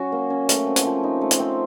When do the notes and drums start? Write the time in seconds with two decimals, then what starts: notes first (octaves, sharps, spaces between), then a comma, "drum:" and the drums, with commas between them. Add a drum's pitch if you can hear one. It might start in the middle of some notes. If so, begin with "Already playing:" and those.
Already playing: F#3 C#4 F#4
0.12 A#3
0.30 C#4
0.49 A3, drum: hi-hat
0.67 C4
0.76 drum: hi-hat
0.85 F3
1.03 D#4
1.21 A3
1.31 drum: hi-hat
1.40 C4